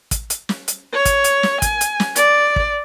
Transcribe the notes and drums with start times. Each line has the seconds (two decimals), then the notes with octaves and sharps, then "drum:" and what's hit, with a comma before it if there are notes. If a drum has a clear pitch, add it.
0.11 drum: kick, hi-hat
0.30 drum: hi-hat
0.49 drum: snare
0.68 drum: hi-hat
0.93 C#5
1.05 drum: kick, hi-hat
1.24 drum: hi-hat
1.43 drum: snare
1.62 G#5, drum: kick, hi-hat
1.81 drum: hi-hat
2.00 drum: snare
2.16 D5, drum: hi-hat
2.56 drum: kick